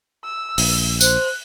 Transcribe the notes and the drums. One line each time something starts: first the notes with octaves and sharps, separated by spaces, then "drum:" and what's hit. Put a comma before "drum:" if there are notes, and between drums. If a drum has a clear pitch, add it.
E6
A#1, drum: open hi-hat
C5 F#6, drum: tambourine